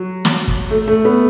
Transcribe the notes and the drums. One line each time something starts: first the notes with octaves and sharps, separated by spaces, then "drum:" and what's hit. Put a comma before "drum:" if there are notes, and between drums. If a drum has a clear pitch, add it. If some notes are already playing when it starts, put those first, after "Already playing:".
Already playing: F#3
drum: snare
drum: kick
A3
A3
B3